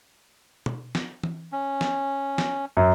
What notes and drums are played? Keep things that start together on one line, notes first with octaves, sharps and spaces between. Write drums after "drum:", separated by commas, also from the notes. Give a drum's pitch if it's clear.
drum: tom
drum: snare
drum: tom E3
C#4
drum: snare
drum: snare
F#2